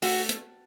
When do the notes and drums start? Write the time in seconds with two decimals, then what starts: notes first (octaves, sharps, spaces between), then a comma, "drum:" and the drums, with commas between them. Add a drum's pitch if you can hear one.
0.02 A3 F#4, drum: open hi-hat
0.29 drum: hi-hat